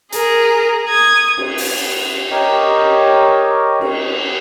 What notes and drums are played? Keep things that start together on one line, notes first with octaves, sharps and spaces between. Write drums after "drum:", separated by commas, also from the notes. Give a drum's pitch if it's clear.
G#4 A#4, drum: hi-hat
D#6 G#6
drum: cymbal
drum: open hi-hat
G4 A#4 C#5 D#5
drum: cymbal